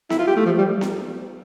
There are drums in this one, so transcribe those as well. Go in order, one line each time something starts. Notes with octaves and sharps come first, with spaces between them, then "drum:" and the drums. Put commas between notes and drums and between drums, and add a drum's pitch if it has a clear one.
E4, drum: snare B3
F4
G4
A3
F3
G3
drum: snare B3